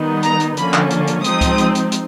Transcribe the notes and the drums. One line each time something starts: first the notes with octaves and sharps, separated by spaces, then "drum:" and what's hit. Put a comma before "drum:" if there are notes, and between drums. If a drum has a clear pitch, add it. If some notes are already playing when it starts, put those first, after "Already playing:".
Already playing: D#3 G3 B3 D#4
A#5, drum: hi-hat
drum: hi-hat
D3 F3 A#3 C#4 B5, drum: hi-hat
drum: clap
drum: hi-hat
drum: hi-hat
F3 G#3 C4 D#4 D#6, drum: hi-hat
drum: kick C#2, hi-hat
drum: hi-hat
drum: hi-hat
drum: hi-hat